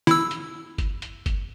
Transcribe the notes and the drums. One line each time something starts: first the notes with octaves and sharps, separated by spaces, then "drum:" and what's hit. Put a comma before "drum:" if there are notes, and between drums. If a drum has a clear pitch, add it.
E4 E6, drum: snare
drum: hi-hat
drum: kick G1, hi-hat
drum: hi-hat
drum: kick G1, hi-hat